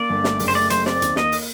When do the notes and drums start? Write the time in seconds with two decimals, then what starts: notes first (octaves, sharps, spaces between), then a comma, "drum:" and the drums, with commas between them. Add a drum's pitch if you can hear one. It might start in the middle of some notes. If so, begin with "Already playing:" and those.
Already playing: A#3 D5
0.10 G1
0.24 A3, drum: snare
0.39 F#1, drum: open hi-hat
0.48 C5
0.55 A3 D5
0.70 F#1 C5, drum: hi-hat
0.86 C4 D5, drum: snare
1.02 D#2, drum: hi-hat
1.16 A#3 D#5, drum: snare
1.32 drum: open hi-hat